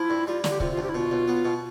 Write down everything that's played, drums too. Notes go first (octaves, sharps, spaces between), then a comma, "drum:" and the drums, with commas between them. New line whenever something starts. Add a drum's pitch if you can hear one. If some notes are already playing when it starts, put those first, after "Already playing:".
Already playing: F3 E4
G2
G3 F4
D3, drum: snare
G4
C3 F4, drum: kick
F4
D2
G4
E4
B2 F4
B1
B3
B2